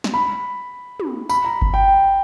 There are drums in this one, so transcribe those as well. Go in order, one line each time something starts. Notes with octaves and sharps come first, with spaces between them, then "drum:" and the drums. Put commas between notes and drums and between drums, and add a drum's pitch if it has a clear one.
drum: snare
B5
drum: tom
B5, drum: tambourine
A#5
drum: kick G1
G5